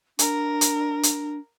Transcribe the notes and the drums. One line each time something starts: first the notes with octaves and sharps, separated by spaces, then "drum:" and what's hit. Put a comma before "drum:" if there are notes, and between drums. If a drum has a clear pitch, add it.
D4 A#4, drum: hi-hat
drum: hi-hat
drum: hi-hat